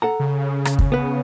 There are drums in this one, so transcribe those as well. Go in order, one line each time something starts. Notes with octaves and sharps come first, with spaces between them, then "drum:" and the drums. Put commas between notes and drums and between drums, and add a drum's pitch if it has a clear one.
A4 F#5 A#5
C#3
drum: rim click
drum: kick
B3 B4